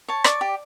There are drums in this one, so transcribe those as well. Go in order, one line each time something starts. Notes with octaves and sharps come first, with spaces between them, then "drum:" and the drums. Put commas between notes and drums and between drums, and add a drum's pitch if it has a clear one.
C#5 A5
D5 C#6, drum: rim click
G4